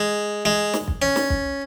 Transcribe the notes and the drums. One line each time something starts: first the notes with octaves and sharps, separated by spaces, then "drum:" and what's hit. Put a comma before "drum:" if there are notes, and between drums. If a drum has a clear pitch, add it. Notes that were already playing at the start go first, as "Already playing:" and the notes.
Already playing: G#3
G#3
drum: snare
drum: kick
C#4
drum: snare
drum: kick